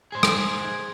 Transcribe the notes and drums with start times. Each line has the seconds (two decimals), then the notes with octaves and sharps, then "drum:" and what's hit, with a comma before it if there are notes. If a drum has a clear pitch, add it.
0.12 G#4 C5
0.23 drum: rim click